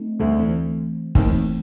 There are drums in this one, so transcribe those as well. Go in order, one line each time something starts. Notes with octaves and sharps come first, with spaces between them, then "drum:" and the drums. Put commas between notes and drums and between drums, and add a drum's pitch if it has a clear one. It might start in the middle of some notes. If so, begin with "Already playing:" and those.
Already playing: A3 C4 D#4
D2 D3
E3 A3 C4
D#2 D#3 E3 A3 C4, drum: kick